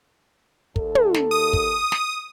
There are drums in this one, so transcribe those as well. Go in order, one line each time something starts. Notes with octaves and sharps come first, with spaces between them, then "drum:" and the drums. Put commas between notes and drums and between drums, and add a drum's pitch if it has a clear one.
D#2 A4, drum: kick
drum: tom
drum: snare
D#6
drum: kick
drum: snare